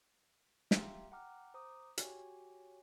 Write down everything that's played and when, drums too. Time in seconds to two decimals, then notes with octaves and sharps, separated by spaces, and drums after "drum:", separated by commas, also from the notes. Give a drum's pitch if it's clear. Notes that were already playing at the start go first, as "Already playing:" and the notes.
0.71 G4 E5 F5 G5 A#5 C6, drum: snare
1.12 F#5 G5 A#5 D6 F6
1.54 C5 A#5 D6 D#6
1.98 F#4 G4 C#5 G5 G#5, drum: hi-hat